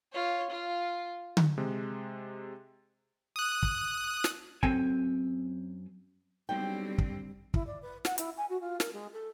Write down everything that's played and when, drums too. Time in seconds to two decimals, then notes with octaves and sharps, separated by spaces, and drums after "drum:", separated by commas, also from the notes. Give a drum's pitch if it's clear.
0.12 F4 C#5
0.50 F4
1.37 drum: tom D3
1.58 C3 G#3
3.36 D#6 F#6
3.63 drum: kick
4.24 drum: snare
4.63 F#2 C4 A4 G5 G#5, drum: kick
6.49 B1 D3 G3 C4 G5
6.98 drum: kick
7.54 E4, drum: kick
7.67 D5
7.82 B4
8.05 F#5, drum: snare
8.18 E4, drum: hi-hat
8.37 G#5
8.49 F#4
8.61 F4
8.80 A#4, drum: snare
8.93 G#3
9.13 A4